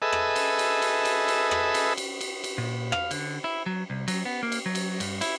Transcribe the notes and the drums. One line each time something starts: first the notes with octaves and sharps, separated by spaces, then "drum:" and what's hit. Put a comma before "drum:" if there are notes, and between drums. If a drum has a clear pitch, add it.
G#4 A4 B4 D#5 E5
drum: rim click
drum: cymbal
drum: cymbal
drum: cymbal
drum: cymbal
drum: cymbal
drum: rim click
drum: cymbal
drum: cymbal
drum: cymbal
drum: cymbal
A#2
F5, drum: rim click
D3, drum: cymbal
E4
F#3
C2
F#3, drum: cymbal
B3
A#3
drum: cymbal
F#3
drum: cymbal
G2, drum: cymbal
E4, drum: cymbal